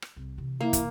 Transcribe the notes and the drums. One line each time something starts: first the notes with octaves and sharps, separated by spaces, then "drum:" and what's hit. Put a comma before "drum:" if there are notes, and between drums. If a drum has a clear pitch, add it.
drum: rim click
C2
C3 E3
A#3 E4
drum: kick, hi-hat